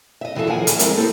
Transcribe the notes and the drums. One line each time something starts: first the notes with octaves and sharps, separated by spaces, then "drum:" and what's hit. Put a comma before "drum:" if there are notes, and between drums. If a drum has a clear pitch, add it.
D#5 E5
E2 E3 F3 F#4 A4 E5
D#2 F3 G#4 A#4 F#5 G#5
E3 E4, drum: hi-hat
F2 G#3 C4 E4 A#4, drum: hi-hat
E3 A#3 C4 D#4 G4 A4